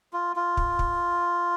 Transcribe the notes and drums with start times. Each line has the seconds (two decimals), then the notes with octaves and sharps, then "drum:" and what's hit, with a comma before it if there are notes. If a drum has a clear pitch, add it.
0.13 F4
0.36 F4
0.57 drum: kick
0.79 drum: kick